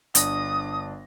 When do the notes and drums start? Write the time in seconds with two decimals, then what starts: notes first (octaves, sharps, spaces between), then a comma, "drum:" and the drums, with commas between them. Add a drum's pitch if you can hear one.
0.15 G1 D4 D#6 A#6, drum: hi-hat